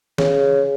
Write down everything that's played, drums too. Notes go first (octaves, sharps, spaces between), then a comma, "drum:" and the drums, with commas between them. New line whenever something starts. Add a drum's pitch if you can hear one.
C#3, drum: snare